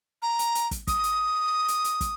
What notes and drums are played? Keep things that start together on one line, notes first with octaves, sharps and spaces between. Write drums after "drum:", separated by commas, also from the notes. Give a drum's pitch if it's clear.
A#5
drum: hi-hat
drum: hi-hat
drum: kick, hi-hat
D#6, drum: kick, hi-hat
drum: hi-hat
drum: hi-hat
drum: hi-hat
drum: kick, hi-hat